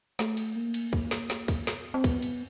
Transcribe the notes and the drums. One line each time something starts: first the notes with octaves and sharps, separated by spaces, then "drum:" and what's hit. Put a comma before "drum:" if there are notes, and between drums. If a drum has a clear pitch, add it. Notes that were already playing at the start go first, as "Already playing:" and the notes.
A3, drum: snare
drum: cymbal
A#3
drum: cymbal
drum: kick
drum: snare
drum: snare
drum: kick, cymbal
B3, drum: snare
C4
B3, drum: kick, cymbal
drum: cymbal